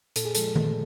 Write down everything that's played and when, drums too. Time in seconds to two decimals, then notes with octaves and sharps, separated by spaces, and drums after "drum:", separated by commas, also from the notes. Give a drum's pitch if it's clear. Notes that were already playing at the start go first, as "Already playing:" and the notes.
0.16 A#2 A4, drum: hi-hat
0.25 G#4
0.35 F3 G#3 A4, drum: hi-hat
0.56 A#2, drum: tom D#3